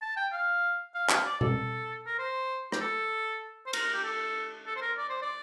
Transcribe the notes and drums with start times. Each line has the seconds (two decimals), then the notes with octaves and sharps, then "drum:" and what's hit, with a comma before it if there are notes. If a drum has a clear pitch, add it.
0.02 A5
0.17 G5
0.32 F5
0.95 F5
1.09 F5, drum: clap
1.26 D5
1.41 A4, drum: tom B2
2.06 A#4
2.19 C5
2.72 G4, drum: rim click
2.80 A4
3.66 C5
3.73 A#4, drum: cymbal
3.94 G4
4.04 A4
4.66 A4
4.76 C5
4.82 A#4
4.98 D5
5.09 C5
5.22 D5